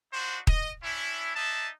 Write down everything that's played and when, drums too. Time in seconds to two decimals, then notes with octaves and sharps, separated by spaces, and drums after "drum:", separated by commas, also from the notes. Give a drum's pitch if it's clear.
0.13 D4 D#4 F4 F#4 C5
0.47 D#5, drum: kick D#1
0.83 C#4 D4 E4
1.35 D4 D#4 D#5 E5 A5